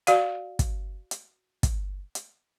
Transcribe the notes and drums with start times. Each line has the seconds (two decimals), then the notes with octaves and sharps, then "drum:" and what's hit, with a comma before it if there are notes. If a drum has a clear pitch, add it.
0.07 F#4 D5 F5, drum: hi-hat
0.59 drum: kick, hi-hat
1.11 drum: hi-hat
1.63 drum: kick, hi-hat
2.15 drum: hi-hat